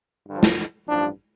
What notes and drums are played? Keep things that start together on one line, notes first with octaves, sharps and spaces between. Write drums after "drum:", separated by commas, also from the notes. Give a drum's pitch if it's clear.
G2 D3 F3
drum: snare
A1 G2 F3 D4